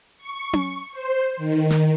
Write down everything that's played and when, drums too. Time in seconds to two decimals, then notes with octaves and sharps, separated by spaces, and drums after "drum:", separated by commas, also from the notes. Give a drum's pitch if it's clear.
0.18 C#6
0.53 drum: tom C#4
0.92 C5
1.37 D#3
1.70 drum: snare